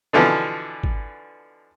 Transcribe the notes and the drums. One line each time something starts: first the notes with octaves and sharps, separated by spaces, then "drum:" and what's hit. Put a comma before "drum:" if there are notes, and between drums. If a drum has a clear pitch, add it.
B2 D3 E3 F3
drum: kick